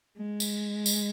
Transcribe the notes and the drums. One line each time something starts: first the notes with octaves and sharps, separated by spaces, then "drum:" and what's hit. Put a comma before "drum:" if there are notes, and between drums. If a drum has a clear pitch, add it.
G#3
drum: tambourine
drum: tambourine